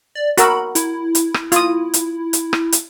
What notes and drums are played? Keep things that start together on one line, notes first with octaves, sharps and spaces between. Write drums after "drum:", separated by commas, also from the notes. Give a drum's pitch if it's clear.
D5
F#4 A#4 B5 E6, drum: hi-hat
E4, drum: hi-hat
drum: hi-hat
drum: rim click
F4 D#6, drum: hi-hat
drum: hi-hat
drum: hi-hat
drum: rim click
drum: hi-hat